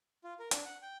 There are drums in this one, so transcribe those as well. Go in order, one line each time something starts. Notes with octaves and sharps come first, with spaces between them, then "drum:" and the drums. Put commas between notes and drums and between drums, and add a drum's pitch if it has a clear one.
F4
A#4
D4, drum: hi-hat
F#5
G5